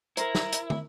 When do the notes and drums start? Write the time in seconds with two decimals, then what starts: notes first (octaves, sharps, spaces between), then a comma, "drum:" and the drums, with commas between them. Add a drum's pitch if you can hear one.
0.17 E4 A#4 C5 A#5, drum: hi-hat
0.35 drum: snare
0.52 drum: hi-hat
0.70 drum: tom